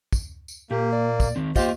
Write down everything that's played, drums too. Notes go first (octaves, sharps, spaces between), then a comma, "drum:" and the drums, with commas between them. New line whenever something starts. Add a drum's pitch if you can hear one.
drum: kick, tambourine
drum: tambourine
A#2 A#3 G4
D5
drum: kick, tambourine
D#3 C4
A#3 F4 G4 C5 D#5, drum: kick, tambourine